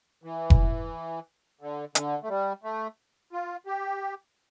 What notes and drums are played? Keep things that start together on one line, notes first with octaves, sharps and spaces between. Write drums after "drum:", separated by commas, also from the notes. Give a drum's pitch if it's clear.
E3
drum: kick F1
D3
D3, drum: hi-hat
A3
G3
A3
F4
G4